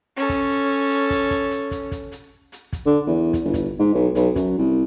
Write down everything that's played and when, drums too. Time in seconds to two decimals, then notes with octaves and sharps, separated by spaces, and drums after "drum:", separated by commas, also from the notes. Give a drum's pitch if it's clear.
0.17 C#4 A4
0.29 drum: kick, hi-hat
0.50 drum: hi-hat
0.90 drum: hi-hat
1.10 drum: kick, hi-hat
1.31 drum: kick, hi-hat
1.51 drum: hi-hat
1.71 drum: kick, hi-hat
1.91 drum: kick, hi-hat
2.12 drum: hi-hat
2.52 drum: hi-hat
2.73 drum: kick, hi-hat
2.86 D3
3.07 E2
3.33 drum: kick, hi-hat
3.44 G1
3.54 drum: kick, hi-hat
3.79 G#2
3.94 B1
4.15 B1, drum: hi-hat
4.36 F#2, drum: kick, hi-hat
4.58 C2